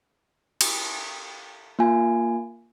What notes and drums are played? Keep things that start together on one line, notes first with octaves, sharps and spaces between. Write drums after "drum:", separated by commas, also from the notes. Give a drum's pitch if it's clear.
drum: cymbal
A#3 F4 G#5